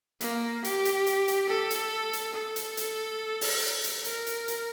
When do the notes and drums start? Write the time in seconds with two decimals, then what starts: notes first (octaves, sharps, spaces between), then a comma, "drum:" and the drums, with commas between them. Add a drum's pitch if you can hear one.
0.21 A#3, drum: hi-hat
0.64 G4, drum: hi-hat
0.85 drum: hi-hat
1.07 drum: hi-hat
1.28 drum: hi-hat
1.49 A4
1.71 drum: hi-hat
2.13 drum: hi-hat
2.35 A4
2.56 drum: hi-hat
2.77 drum: hi-hat
3.41 drum: open hi-hat
3.84 drum: hi-hat
4.05 A#4, drum: hi-hat
4.27 drum: hi-hat
4.48 drum: hi-hat